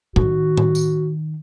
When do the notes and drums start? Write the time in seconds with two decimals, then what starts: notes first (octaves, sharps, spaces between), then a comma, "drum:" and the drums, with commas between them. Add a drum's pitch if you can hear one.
0.16 D#3 F#4, drum: tom A2
0.57 drum: tom A2
0.75 drum: tambourine